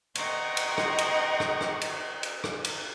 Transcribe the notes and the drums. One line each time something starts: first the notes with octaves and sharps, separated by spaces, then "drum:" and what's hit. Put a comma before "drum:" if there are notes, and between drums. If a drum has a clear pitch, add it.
D#5 F#5 G5 A#5 C6 C#6, drum: cymbal
drum: cymbal
drum: rim click
drum: cymbal
drum: rim click
drum: rim click
drum: cymbal
drum: cymbal
drum: rim click
drum: cymbal